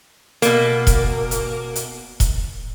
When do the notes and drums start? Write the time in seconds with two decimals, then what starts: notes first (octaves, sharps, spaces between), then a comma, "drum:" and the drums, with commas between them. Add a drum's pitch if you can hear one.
0.42 B2 A#3, drum: hi-hat
0.87 drum: kick E1, hi-hat
1.31 drum: hi-hat
1.75 drum: hi-hat
2.20 drum: kick E1, hi-hat